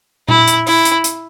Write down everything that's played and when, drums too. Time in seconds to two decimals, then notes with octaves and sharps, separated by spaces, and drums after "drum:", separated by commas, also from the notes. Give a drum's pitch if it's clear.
0.28 E4, drum: tom A#2
0.48 drum: hi-hat
0.67 E4, drum: open hi-hat
0.85 drum: hi-hat
1.04 drum: hi-hat